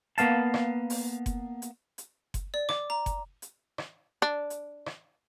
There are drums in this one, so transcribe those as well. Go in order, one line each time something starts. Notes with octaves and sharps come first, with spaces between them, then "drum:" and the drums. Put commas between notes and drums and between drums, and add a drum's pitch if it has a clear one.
A#3 B3 F5 A5, drum: hi-hat
drum: rim click
drum: open hi-hat
drum: kick F#1, hi-hat
drum: hi-hat
drum: hi-hat
drum: kick F#1, hi-hat
D5
D6, drum: rim click
A#5
drum: kick F#1, hi-hat
drum: hi-hat
drum: rim click
D4
drum: hi-hat
drum: rim click